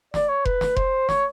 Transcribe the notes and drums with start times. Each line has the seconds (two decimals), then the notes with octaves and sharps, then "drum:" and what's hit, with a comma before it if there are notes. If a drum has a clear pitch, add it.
0.14 D5, drum: snare
0.29 C#5
0.45 B4, drum: kick F1
0.61 drum: snare
0.76 C5, drum: kick F1
1.09 C#5, drum: snare